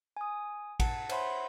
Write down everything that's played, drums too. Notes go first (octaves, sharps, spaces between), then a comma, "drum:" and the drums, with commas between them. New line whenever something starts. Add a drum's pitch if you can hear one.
G#5 D#6
F#5 A5, drum: kick A1, cymbal
C5 C#5 E5 F#5 B5 C6, drum: cymbal